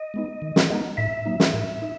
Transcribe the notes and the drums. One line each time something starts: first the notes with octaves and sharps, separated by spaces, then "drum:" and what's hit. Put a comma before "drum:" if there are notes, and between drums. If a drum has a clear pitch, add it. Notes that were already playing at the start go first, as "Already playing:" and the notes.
Already playing: D#5
G#3 B3 D#4
D#3
drum: snare
G#3 B3 D#4
A2 E5
F#3 A#3 D#4
drum: snare
A2
D#4